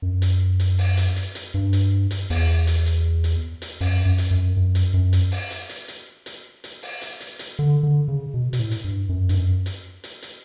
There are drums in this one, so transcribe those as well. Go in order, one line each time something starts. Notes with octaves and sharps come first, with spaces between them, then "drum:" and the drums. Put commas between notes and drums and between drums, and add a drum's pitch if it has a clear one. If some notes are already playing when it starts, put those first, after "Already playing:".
F#2
drum: hi-hat
drum: hi-hat
drum: open hi-hat
drum: hi-hat
drum: hi-hat
drum: hi-hat
G2
drum: hi-hat
drum: hi-hat
E2, drum: open hi-hat
drum: hi-hat
drum: hi-hat
drum: hi-hat
drum: hi-hat
F#2, drum: open hi-hat
F#2
drum: hi-hat
F#2
F#2
drum: hi-hat
F#2
drum: hi-hat
drum: open hi-hat
drum: hi-hat
drum: hi-hat
drum: hi-hat
drum: hi-hat
drum: hi-hat
drum: open hi-hat
drum: hi-hat
drum: hi-hat
drum: hi-hat
D3
D3
C#3
B2
B2, drum: hi-hat
A2
drum: hi-hat
G2
F#2
G2, drum: hi-hat
F#2
drum: hi-hat
drum: hi-hat
drum: hi-hat